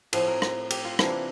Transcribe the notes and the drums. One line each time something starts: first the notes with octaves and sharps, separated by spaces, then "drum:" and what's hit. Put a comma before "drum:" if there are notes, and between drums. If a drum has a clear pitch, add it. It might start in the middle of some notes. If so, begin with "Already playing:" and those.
A2 F3 C4 F5, drum: cymbal
A#4
drum: rim click
G4, drum: cymbal
F4
C3 E3 A#3 D4 F4, drum: rim click